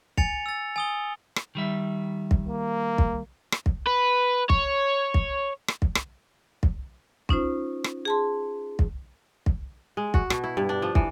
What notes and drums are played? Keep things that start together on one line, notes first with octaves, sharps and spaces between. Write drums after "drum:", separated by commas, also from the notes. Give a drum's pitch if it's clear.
G#5 A6 C#7 F7, drum: kick
E6 A6
G#5 D#6 G7
drum: rim click
D#3 G3 E5
drum: kick
A#3
drum: kick
drum: rim click
drum: kick
B4
C#5, drum: kick
drum: kick
drum: rim click
drum: kick
drum: rim click
drum: kick
C#4 D#4 F4 C5, drum: kick
drum: rim click
G#4 A5 C6
drum: kick
drum: kick
G#3
F#4, drum: kick
B2, drum: rim click
E4
G2
D4
F3
E3, drum: kick